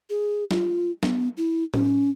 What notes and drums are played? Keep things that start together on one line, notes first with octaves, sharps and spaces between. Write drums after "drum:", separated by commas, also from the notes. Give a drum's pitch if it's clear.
G#4
F4, drum: snare
B3, drum: snare
E4
C#4, drum: tom A2